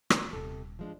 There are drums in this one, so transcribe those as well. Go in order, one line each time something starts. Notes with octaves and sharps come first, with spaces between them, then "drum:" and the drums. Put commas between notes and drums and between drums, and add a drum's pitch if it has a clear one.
drum: rim click
D#1 C3 A4
F3 G#3 D4